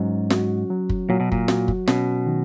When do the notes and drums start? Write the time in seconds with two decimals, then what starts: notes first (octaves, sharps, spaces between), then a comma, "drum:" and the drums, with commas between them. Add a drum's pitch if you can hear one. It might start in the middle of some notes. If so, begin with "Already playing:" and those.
Already playing: G#2 F#3 C#4
0.30 F#4, drum: snare
0.70 F#3
0.89 drum: kick
1.09 A#2 F#3
1.20 B2
1.32 A#2, drum: kick
1.48 F#4, drum: snare
1.68 drum: kick
1.88 B2 C#4, drum: snare
2.27 D#3